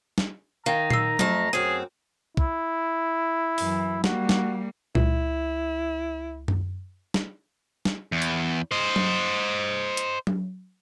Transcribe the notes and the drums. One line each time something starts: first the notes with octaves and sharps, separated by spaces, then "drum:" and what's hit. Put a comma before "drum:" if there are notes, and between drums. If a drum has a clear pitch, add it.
drum: snare
D#3 F5 G5 A#5
E6 C7, drum: tom A#2
F2 A3, drum: tom F#3
F#2 C4 G#4 D#7
E4, drum: kick
F#2 E3, drum: open hi-hat
G3 A#3 F#4, drum: snare
drum: snare
C#2 E4, drum: tom A#2
drum: tom F#2
drum: snare
drum: snare
E2
drum: hi-hat
C5 D#5
drum: tom F#3
drum: hi-hat
drum: tom F#3